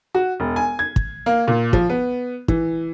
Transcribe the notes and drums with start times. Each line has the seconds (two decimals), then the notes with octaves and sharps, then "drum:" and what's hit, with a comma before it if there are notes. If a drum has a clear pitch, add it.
0.15 F#4
0.40 E1
0.56 G#5
0.79 G#6
0.96 drum: kick
1.26 A#3
1.48 A#2
1.73 F3, drum: kick
1.90 B3
2.48 E3, drum: kick